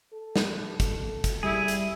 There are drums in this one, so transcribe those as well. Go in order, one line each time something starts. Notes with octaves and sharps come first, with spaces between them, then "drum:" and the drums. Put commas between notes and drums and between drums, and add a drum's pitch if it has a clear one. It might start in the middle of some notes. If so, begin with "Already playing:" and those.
A4
drum: snare
drum: kick, hi-hat
drum: kick, hi-hat
G3 E4 G#4
drum: hi-hat